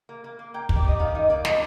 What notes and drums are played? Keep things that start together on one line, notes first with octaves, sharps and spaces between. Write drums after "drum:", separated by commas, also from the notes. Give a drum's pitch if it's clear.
A#3
A#3
A#3
A#3 G5
G3, drum: kick
D5
G3 D#5
D#3 F5
D#4 D#5
A#3 D5
F3 D#5, drum: snare